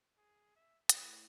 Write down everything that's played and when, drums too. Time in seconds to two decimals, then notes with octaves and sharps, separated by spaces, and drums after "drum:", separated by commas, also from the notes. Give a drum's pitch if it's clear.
0.18 G#4
0.56 E5
0.89 A2 G#4 B4 A5, drum: hi-hat